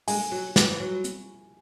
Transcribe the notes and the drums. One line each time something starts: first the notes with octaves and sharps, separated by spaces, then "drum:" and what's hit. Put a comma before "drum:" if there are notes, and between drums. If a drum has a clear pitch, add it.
G#3 G#5, drum: open hi-hat
F#3
E3, drum: snare
E3
F#3
drum: hi-hat